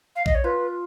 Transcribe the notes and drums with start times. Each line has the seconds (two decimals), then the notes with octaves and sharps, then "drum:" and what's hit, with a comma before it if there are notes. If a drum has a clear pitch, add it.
0.16 F5
0.26 D#5, drum: kick A#1
0.35 C#5
0.44 F4 B4